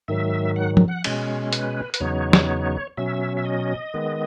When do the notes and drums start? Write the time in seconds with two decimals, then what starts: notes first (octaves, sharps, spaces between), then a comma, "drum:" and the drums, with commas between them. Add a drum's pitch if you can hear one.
0.08 G#2 D#3 F#3 E5
0.56 F#5
0.77 drum: tom
0.88 F#5
1.04 B2 G#3 C#4, drum: cymbal
1.53 B4, drum: hi-hat
1.94 B4, drum: hi-hat
2.00 E2 C#3 F#3 B3 D#4 C#5
2.33 drum: snare
2.97 B2 F#3 C#4 E5
3.37 E5
3.45 D#5
3.94 D#3 G#3 B3